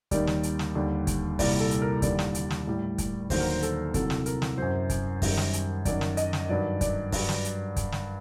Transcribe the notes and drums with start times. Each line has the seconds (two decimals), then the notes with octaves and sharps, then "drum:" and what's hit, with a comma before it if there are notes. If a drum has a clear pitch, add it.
0.11 D#2 D#3 G3 D5, drum: kick, hi-hat
0.27 drum: snare
0.43 drum: hi-hat
0.59 drum: snare
0.75 D#2 D3 G3
1.07 drum: kick, hi-hat
1.39 C2 A#2 G3 D5, drum: kick, open hi-hat
1.60 A4
1.71 drum: hi-hat
1.82 A#4
2.02 D#2 D3 G3 D5, drum: kick, hi-hat
2.19 drum: snare
2.35 drum: hi-hat
2.50 drum: snare
2.67 A2 G3
2.98 drum: kick, hi-hat
3.30 D#2 D3 F#3 C5, drum: kick, open hi-hat
3.40 A#4
3.50 C5
3.62 A4, drum: hi-hat
3.94 C2 C3 F#3 A4, drum: kick, hi-hat
4.10 drum: snare
4.26 A#4, drum: hi-hat
4.42 drum: snare
4.57 F#2 F#3 C5
4.90 drum: kick, hi-hat
5.22 F#2 D#3 G3, drum: kick, open hi-hat
5.37 drum: snare
5.53 drum: hi-hat
5.85 F#2 D#3 F#3 D5, drum: kick, hi-hat
6.01 drum: snare
6.17 D#5, drum: hi-hat
6.33 drum: snare
6.49 G2 D#3 F#3 D5
6.81 D5, drum: kick, hi-hat
7.12 G2 F#3, drum: kick, open hi-hat
7.29 drum: snare
7.45 drum: hi-hat
7.76 drum: kick, hi-hat
7.92 drum: snare